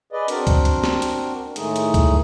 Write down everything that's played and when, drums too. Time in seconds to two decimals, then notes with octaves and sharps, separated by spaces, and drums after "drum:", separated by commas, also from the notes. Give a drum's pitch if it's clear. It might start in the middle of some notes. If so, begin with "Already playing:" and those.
0.13 G#4 B4 D5 D#5
0.28 C4 D4 F#4 A#4, drum: hi-hat
0.47 drum: kick C#2, hi-hat
0.65 drum: hi-hat
0.84 drum: snare
1.02 drum: hi-hat
1.56 A2 D#3 G#3 A3 D#4 G#4, drum: hi-hat
1.76 drum: hi-hat
1.94 drum: kick C#2, hi-hat